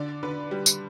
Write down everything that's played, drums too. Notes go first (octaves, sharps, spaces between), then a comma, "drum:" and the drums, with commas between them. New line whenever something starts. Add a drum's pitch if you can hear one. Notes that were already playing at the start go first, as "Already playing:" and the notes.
Already playing: D3 D5
D3 B4
G3
drum: tambourine